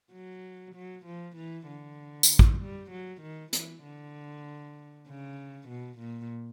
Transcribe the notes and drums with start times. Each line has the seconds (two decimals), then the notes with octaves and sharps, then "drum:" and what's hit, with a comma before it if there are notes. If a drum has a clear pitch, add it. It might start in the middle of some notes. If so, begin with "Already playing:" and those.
0.13 F#3
0.75 F#3
1.06 F3
1.36 E3
1.67 D3
2.23 drum: tambourine
2.39 drum: kick
2.60 G3
2.91 F#3
3.22 D#3
3.53 E3, drum: hi-hat
3.83 D3
5.07 C#3
5.69 B2
5.99 A#2